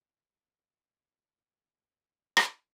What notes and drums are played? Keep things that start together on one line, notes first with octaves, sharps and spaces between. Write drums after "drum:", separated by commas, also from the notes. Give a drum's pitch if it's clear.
G#4 F#5
F3 A3 C#4 E4 B4
drum: rim click